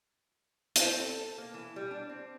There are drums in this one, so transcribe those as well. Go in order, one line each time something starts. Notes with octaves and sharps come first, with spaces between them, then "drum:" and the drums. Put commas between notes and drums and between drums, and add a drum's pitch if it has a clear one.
C4, drum: hi-hat
A4
A#3
E3
G3
D4
C4